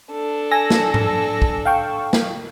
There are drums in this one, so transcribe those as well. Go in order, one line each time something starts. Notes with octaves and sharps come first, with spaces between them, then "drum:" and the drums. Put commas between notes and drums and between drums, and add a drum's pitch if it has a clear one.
D4 A4
G#5 E6 A#6
drum: snare
drum: tom G#2
drum: kick
F5 G5 C#6
drum: snare